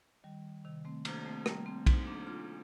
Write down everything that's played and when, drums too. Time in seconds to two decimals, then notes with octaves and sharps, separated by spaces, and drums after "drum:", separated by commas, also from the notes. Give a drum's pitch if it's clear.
0.24 D#3 G3
0.65 C3 D#3
0.85 A3 C4
1.05 A#3 D4, drum: cymbal
1.26 A3 C4
1.46 G3 A#3, drum: rim click
1.66 A3 C4
1.86 C4 D#4, drum: kick B1, cymbal
2.07 A#3 D4
2.27 D4 F4